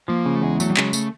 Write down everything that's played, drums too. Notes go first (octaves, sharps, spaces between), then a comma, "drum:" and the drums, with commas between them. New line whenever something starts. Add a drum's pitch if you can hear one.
F3 A#3
C#3
A3
E2 G#3
F#3 A3, drum: tambourine
G3
C#3 G#3, drum: clap
A3, drum: tambourine